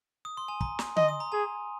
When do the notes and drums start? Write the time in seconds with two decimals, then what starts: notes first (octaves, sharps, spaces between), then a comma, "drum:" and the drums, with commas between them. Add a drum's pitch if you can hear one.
0.25 D#6
0.37 C6
0.48 G#5
0.61 A#5, drum: kick
0.79 drum: snare
0.97 D#5 C6, drum: tom D3
1.08 D#6
1.20 A#5
1.32 G#4 G#5